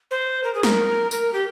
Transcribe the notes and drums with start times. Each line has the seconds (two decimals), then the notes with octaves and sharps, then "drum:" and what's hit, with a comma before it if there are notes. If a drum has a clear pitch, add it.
0.11 C5
0.43 A#4
0.54 G#4
0.63 A#4, drum: snare
1.11 A#4, drum: tambourine
1.33 G4